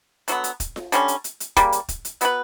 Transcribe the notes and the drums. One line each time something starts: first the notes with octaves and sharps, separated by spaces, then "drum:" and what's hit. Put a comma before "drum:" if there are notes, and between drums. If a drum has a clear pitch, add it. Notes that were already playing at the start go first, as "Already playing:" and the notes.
D3 F#3 B3, drum: hi-hat
drum: hi-hat
drum: kick, hi-hat
drum: snare F4
D3 G3 C#4, drum: hi-hat
drum: hi-hat
drum: hi-hat
drum: hi-hat
C#3 G3 A#3, drum: kick, hi-hat
drum: hi-hat
drum: kick, hi-hat
drum: hi-hat
F#3 B3 F#4 B4, drum: hi-hat